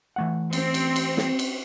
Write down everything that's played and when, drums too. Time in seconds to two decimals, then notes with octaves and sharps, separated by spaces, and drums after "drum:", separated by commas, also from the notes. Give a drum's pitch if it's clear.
0.16 E3 A3 F#5
0.53 C4, drum: cymbal
0.74 drum: cymbal
0.96 drum: cymbal
1.17 drum: snare
1.39 drum: cymbal